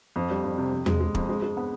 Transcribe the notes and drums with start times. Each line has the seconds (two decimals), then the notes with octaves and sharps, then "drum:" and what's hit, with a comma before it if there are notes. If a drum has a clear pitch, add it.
0.16 F2
0.30 G3
0.44 F2
0.58 C3
0.72 F2
0.86 G#3, drum: tom E2
1.00 G#3
1.15 F2, drum: kick
1.29 G#3
1.42 G#3
1.57 B3